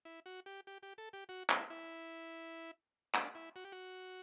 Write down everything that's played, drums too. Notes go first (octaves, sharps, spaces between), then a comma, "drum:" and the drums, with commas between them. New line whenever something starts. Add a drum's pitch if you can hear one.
E4
F#4
G4
G4
G4
A4
G4
F#4
E4, drum: clap
E4
D4, drum: clap
E4
F#4
G4
F#4